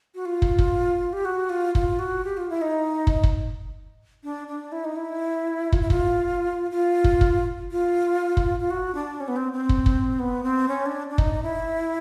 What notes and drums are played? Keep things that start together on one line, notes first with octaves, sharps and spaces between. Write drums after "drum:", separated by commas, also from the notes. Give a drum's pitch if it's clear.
F#4
F4
drum: kick
drum: kick
G4
F#4
F4
F4, drum: kick
F#4
G4
F4
E4
D#4
drum: kick
drum: kick
D4
D4
E4
D#4
E4
F4, drum: kick
E4
F4, drum: kick
F4
drum: kick
drum: kick
F4
drum: kick
F4
F#4
D4
C#4
B3
C4
C4
drum: kick
drum: kick
B3
C4
C#4
D4
D4
D#4, drum: kick
E4